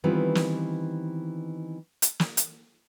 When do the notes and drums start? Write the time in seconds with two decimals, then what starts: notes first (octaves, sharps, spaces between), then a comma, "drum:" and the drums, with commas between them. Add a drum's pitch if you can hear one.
0.04 D#3 E3 G3 B3 C4 F4
0.35 drum: snare
2.02 drum: hi-hat
2.20 drum: snare
2.37 drum: hi-hat